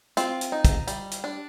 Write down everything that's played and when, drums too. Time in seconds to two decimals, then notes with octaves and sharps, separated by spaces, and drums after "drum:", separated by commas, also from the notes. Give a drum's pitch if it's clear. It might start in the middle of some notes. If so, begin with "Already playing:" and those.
0.17 C4 F4, drum: hi-hat
0.41 drum: hi-hat
0.52 D#4
0.65 drum: kick, hi-hat
0.87 G3, drum: hi-hat
1.11 drum: hi-hat
1.24 D4